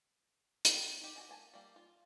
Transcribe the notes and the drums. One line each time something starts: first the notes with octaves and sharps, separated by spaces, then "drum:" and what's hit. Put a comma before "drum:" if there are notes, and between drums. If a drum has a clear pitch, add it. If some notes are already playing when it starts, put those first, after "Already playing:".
drum: hi-hat
G5
D#4 G4
F#4 A4 G#5
A#3 G#5 A5
G3 A#3
F4